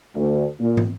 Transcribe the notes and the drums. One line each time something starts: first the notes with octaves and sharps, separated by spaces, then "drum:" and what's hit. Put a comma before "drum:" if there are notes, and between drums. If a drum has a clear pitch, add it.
D2
A#2
drum: tom